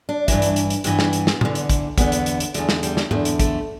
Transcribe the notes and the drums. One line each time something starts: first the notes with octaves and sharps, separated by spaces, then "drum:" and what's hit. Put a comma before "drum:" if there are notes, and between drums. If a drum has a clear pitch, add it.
D4
G2 E3, drum: kick, hi-hat
drum: hi-hat
drum: hi-hat
drum: hi-hat
G2 E3 B3, drum: hi-hat
drum: snare
drum: hi-hat
drum: snare
E2 D3, drum: tom
drum: hi-hat
drum: kick, hi-hat
E2 D3 B3, drum: kick, hi-hat
drum: hi-hat
drum: hi-hat
drum: hi-hat
E2 D3 A3, drum: hi-hat
drum: snare
G3, drum: hi-hat
drum: snare
E2 D3 A3, drum: tom G#2
drum: hi-hat
A3, drum: kick, hi-hat